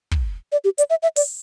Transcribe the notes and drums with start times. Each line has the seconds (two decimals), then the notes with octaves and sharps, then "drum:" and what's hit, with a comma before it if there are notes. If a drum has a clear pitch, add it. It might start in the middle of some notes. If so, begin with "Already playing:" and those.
0.12 drum: kick
0.52 D5
0.64 G4
0.78 D5, drum: hi-hat
0.90 E5
1.03 E5
1.16 D5, drum: open hi-hat